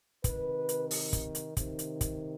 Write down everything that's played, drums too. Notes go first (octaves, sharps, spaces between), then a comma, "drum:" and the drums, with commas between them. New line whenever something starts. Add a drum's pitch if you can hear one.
C3 D#3 B4, drum: kick, hi-hat
drum: hi-hat
drum: open hi-hat
drum: kick, hi-hat
drum: hi-hat
C3 D#3, drum: kick, hi-hat
drum: hi-hat
drum: kick, hi-hat